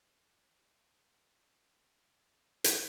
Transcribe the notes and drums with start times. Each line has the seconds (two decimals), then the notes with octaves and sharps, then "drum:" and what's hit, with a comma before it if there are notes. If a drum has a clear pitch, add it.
0.44 G3 A3 B3
0.84 A2 E4 G4 G#4
1.58 A3 A4
2.64 drum: hi-hat